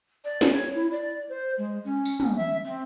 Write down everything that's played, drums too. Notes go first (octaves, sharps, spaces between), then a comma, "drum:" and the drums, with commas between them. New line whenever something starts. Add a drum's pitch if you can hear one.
D5
drum: snare
C#5
E4
D5
C5
G#3
C#4
drum: tambourine
drum: tom
E5
C4